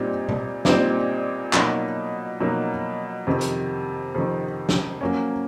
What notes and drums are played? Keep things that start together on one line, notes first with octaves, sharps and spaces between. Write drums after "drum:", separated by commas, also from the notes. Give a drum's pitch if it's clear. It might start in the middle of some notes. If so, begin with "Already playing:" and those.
Already playing: A#2 G3 C4 D#4
drum: tom A#2
A#2 G3 C4 D#4, drum: snare
B2 F#3 A#3 D#4, drum: clap
B2 F#3 A#3 D#4
F2 C3 D#3
drum: hi-hat
F2 C3 D#3
drum: snare
F#3 A#3 C#4